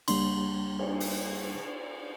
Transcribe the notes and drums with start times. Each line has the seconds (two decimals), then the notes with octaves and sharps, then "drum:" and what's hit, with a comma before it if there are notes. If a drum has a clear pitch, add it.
0.08 C#2 G3 A#3 D4 C6, drum: cymbal
0.79 drum: cymbal
1.00 drum: open hi-hat